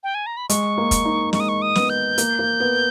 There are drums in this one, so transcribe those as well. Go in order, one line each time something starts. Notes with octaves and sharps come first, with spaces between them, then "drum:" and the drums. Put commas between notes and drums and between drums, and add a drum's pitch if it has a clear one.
G5
G#5
A#5
B5
G#3 C#6, drum: hi-hat
A#3
drum: kick, hi-hat
D#4
G#3 C#6, drum: snare
D#6
C#6
D#6
B3, drum: snare
G6
A#3, drum: hi-hat
A#3
B3